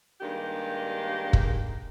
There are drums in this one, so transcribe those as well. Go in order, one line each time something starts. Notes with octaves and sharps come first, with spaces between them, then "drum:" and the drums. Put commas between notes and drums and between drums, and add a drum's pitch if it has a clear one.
G2 D#3 G#3 A#3 D4 G4
drum: kick